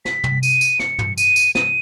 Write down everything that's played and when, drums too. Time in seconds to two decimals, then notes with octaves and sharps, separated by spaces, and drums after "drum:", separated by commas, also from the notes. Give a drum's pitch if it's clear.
0.05 B6, drum: snare
0.24 drum: tom
0.43 D#7, drum: tambourine
0.61 drum: tambourine
0.79 C#7, drum: snare
0.99 drum: tom
1.18 D#7, drum: tambourine
1.36 drum: tambourine
1.55 D#7, drum: snare